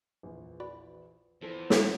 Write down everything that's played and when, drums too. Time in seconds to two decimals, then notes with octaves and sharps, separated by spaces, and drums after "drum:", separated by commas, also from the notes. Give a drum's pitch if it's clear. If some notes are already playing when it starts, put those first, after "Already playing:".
0.23 A#1 E2
0.60 F#4 D5 B5
1.42 E2 E3 F3 A4 C5
1.70 drum: snare